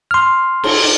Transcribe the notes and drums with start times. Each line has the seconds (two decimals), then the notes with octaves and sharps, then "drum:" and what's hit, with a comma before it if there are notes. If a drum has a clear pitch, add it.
0.11 C6 F6
0.64 drum: cymbal